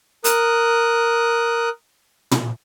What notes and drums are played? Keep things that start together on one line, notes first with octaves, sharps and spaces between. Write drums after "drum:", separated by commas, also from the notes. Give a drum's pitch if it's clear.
A#4 D#6 F#6, drum: hi-hat
drum: tom